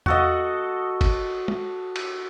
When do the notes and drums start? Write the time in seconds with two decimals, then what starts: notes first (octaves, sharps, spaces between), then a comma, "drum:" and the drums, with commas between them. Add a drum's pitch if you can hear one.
0.06 F#4 A4 D#5, drum: tom E2
1.01 drum: kick F#1, cymbal
1.48 drum: tom
1.96 drum: cymbal